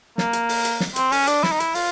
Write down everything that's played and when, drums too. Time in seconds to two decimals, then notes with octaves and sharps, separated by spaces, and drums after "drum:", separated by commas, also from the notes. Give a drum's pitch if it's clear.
0.18 A#3, drum: snare
0.33 drum: hi-hat
0.49 drum: open hi-hat
0.65 drum: hi-hat
0.80 drum: snare
0.96 C4, drum: hi-hat
1.12 C#4, drum: open hi-hat
1.27 D4, drum: hi-hat
1.43 E4, drum: snare
1.52 D#4
1.60 E4, drum: hi-hat
1.75 F4, drum: open hi-hat